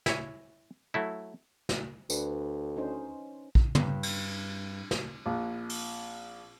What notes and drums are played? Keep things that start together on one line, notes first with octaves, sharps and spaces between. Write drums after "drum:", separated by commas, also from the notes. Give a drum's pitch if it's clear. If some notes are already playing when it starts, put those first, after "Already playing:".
E4 C#5, drum: snare
F#3 A3 E4
drum: snare
D2 D4 B4, drum: tambourine
C#4 D#4 C5
drum: kick
G2, drum: tom
drum: cymbal
drum: snare
A#1
drum: open hi-hat